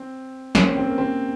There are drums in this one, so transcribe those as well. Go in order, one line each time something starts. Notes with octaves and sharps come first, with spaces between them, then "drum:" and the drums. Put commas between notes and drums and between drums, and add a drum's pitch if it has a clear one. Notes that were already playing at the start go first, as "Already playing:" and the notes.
Already playing: C4
A#3 C#4, drum: snare
C4
C4
A#3
C4